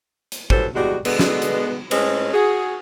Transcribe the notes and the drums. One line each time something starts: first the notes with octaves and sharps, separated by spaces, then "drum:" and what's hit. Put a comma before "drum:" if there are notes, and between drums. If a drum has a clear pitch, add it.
drum: hi-hat
E3 F#3 G3 A4 C5, drum: kick
E2 G3 G#3 F#4
B2 D3 G#3 B3, drum: cymbal
drum: snare
drum: hi-hat
A2 G#3 C4 C#4 B4, drum: cymbal
F#4 G#4